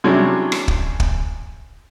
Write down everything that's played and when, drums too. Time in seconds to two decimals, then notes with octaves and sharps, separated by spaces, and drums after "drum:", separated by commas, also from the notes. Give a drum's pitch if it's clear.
0.04 C3 F#3 C#4 D4 E4 G#4
0.52 drum: rim click
0.68 drum: kick
1.00 drum: kick